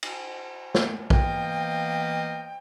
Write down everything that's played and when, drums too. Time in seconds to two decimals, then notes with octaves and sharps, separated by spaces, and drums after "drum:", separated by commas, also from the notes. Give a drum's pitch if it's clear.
0.03 drum: cymbal
0.75 drum: snare
1.10 E3 A#3 B3 D#5 F5 G5, drum: kick